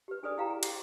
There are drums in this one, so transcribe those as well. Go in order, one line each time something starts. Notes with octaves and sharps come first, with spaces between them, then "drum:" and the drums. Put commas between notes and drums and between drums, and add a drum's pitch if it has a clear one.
G4 B4
D4 G#4 A4 B4 D5 D#6
E4 G4 F5 G5 A#5
G#4
D6, drum: cymbal